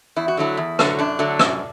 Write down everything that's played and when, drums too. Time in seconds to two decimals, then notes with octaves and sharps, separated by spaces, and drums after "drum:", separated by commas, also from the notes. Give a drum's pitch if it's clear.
0.16 E2 E4
0.28 F#4
0.37 D3 F#3 A3 E4
0.57 E2
0.79 D3 F#3 A3, drum: rim click
0.99 F#2 D4
1.19 D3 F#3 A3
1.39 F#2, drum: rim click